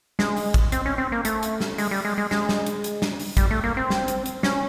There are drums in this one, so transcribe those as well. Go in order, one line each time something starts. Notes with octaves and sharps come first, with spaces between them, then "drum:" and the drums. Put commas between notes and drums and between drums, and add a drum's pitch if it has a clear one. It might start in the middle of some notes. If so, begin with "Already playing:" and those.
G#3, drum: snare
drum: open hi-hat
drum: kick, hi-hat
C4, drum: hi-hat
C#4
C4
A#3
A3, drum: hi-hat
drum: hi-hat
drum: snare
G#3, drum: open hi-hat
G3
G#3
G#3
G#3, drum: snare
drum: snare
drum: hi-hat
drum: hi-hat
drum: snare
drum: open hi-hat
G3, drum: kick, hi-hat
A3
A#3
C4
drum: snare
drum: hi-hat
drum: hi-hat
C#4, drum: snare